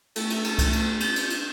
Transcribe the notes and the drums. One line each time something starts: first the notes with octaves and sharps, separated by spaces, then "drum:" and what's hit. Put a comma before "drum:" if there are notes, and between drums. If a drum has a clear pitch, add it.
A3, drum: cymbal
drum: cymbal
drum: cymbal
drum: kick C2, cymbal
drum: cymbal
G6, drum: cymbal
drum: cymbal
drum: cymbal